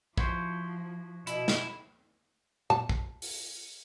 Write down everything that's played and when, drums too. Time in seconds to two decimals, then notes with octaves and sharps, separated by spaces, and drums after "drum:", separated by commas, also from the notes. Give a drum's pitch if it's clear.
0.17 F3 E4 F#4 C5, drum: kick
1.27 B2 E4, drum: hi-hat
1.48 drum: snare
2.70 A5, drum: tom A#2
2.89 drum: kick
3.22 drum: open hi-hat